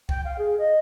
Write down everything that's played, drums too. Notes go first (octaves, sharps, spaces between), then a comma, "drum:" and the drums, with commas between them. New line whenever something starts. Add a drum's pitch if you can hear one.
G5, drum: kick C2
F5
G#4
D#5